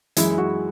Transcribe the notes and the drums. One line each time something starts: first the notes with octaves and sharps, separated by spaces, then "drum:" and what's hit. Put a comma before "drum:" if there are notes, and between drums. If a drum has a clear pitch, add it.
F#2 E3 G#3 E4, drum: hi-hat
F#4